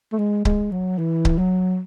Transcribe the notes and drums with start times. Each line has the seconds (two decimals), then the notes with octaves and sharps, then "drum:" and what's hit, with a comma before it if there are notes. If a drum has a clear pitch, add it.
0.12 A3
0.19 G#3
0.45 G#3, drum: kick C#1
0.72 F#3
0.98 E3
1.25 drum: kick C#1
1.38 F#3